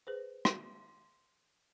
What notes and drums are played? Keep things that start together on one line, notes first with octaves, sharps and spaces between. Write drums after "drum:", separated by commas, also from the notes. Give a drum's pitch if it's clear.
G#4 B4 C5
drum: rim click